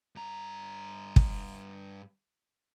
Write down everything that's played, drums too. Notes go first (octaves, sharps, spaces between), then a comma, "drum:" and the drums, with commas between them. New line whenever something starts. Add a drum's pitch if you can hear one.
G2 A#5
drum: kick